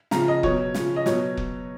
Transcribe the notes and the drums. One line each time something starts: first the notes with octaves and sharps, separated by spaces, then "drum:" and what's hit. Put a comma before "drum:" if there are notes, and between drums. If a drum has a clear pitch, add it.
C#3 F3 A#5, drum: snare
D#5
B2 F#3 C#5, drum: kick F1
C#3 F3, drum: snare
D#5
B2 F#3 C#5, drum: snare
drum: kick F1